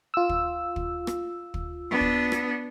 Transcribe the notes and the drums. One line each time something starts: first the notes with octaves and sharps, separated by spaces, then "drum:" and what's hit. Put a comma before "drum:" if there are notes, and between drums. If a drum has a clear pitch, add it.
F4 E6
drum: kick
drum: kick
drum: rim click
drum: kick
B3 D4
drum: kick
drum: rim click